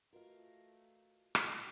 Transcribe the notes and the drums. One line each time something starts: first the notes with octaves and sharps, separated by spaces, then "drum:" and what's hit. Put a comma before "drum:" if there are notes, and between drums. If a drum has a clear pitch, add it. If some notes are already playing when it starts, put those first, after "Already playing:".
A3 F4 F#4 A#4 B4 D#5 F5
drum: rim click